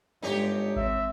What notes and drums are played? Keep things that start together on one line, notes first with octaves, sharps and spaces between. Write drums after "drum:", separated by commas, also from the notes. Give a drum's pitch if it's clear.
G1 G#2 D#4 G4 C#5
C4 E5, drum: kick G#1